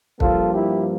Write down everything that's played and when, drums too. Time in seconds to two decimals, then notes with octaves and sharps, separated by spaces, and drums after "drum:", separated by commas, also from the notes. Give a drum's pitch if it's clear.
0.20 G2 F3 A#3 F4 A4, drum: kick
0.54 E4 G4